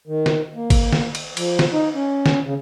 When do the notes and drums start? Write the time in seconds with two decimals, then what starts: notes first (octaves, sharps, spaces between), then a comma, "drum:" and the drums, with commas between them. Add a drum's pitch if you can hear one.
0.07 D#3
0.26 drum: snare
0.55 A#3
0.70 drum: kick, cymbal
0.93 drum: snare
1.15 drum: cymbal
1.37 F3, drum: cymbal
1.59 drum: snare
1.73 D#4
1.95 C#4
2.26 drum: snare
2.44 C#3